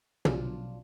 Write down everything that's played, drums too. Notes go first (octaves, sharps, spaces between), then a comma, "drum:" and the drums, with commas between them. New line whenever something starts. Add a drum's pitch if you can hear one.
B1 F3 F#3 D4 F4, drum: tom